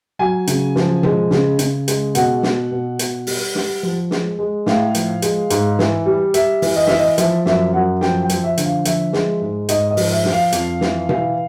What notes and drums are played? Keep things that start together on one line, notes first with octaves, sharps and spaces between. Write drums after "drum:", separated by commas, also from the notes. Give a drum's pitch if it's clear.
F#3 G#5
C#3, drum: hi-hat
F3, drum: snare
G#3, drum: tom B2
C#3, drum: snare
C#3, drum: hi-hat
G#3, drum: hi-hat
B2 F#5, drum: hi-hat
B2, drum: snare
B2
B2, drum: hi-hat
G3, drum: open hi-hat
G3, drum: snare
F3
G#3, drum: snare
G#3
A2 F5, drum: snare
F3, drum: hi-hat
G#3, drum: hi-hat
G#2, drum: hi-hat
E3, drum: snare
G3
G3 E5, drum: hi-hat
E3, drum: open hi-hat
D#5
E3 E5, drum: snare
D#5
F3 E5, drum: hi-hat
F#2 E5, drum: snare
F#2 F#5
F3 G5, drum: snare
G5
F3, drum: hi-hat
E5
D3, drum: hi-hat
F5
F3 E5, drum: hi-hat
G#3, drum: snare
G#2
G#2 D#5, drum: hi-hat
D#5
F3, drum: open hi-hat
E5
F3, drum: snare
F5
F2, drum: hi-hat
E3, drum: snare
E3, drum: tom B2